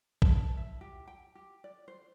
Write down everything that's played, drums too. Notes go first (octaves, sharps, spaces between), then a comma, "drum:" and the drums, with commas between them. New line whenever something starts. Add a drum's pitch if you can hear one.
A5, drum: kick A#1
E5
G4
G5
G4
D5
C5